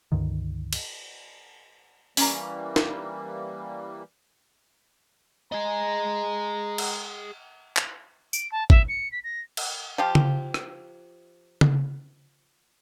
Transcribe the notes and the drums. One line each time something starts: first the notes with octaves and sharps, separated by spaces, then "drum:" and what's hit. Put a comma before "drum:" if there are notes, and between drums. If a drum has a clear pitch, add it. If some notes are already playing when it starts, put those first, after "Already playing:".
C#2 G2 D3 D#3
drum: cymbal
E3 G3 A#3 C#4 A#5, drum: open hi-hat
drum: snare
G#4 D#5 A#5
drum: cymbal
drum: clap
D7, drum: tambourine
A5
E5, drum: kick G#1
C#7
B6
A#6
drum: cymbal
F3 F4 G4
drum: tom C#3
drum: rim click
drum: tom C#3